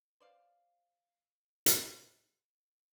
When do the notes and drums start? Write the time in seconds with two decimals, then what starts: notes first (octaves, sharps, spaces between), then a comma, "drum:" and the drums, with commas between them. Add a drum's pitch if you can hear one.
0.20 C5 D5 F5
1.66 drum: hi-hat